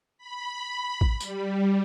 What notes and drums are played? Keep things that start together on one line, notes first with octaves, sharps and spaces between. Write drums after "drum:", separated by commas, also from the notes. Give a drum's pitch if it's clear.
B5
drum: kick A1
G3, drum: tambourine